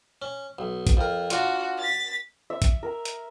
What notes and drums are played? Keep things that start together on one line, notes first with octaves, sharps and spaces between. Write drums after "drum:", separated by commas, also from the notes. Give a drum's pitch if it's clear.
C#4
B1
drum: kick, hi-hat
F2 A#4
D4 F4 F#4, drum: hi-hat
A6 B6
E5
drum: kick, hi-hat
A#4
drum: hi-hat